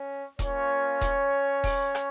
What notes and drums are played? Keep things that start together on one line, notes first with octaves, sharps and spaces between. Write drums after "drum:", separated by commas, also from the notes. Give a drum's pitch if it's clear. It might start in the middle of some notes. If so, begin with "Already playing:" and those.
Already playing: C#4
A#3 C#4 F4 C#5, drum: kick D#1, hi-hat
drum: kick D#1, hi-hat
drum: kick D#1, open hi-hat
drum: rim click